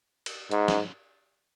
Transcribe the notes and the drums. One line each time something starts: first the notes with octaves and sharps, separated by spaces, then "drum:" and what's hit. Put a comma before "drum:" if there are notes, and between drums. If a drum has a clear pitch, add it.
drum: cymbal
G#2, drum: hi-hat
drum: snare